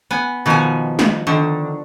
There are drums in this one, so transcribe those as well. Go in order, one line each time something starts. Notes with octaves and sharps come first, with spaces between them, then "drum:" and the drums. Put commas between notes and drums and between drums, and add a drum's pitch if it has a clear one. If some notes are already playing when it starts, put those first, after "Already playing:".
B3 G#5
B2 D#3 F3 B3 G#5
drum: snare
D3 D#3